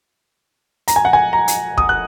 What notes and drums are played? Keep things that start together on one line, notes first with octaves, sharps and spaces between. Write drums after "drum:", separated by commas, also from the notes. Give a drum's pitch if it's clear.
A#5, drum: hi-hat
G#5
F#5
G#5
A#5
drum: hi-hat
D#6, drum: kick
F#6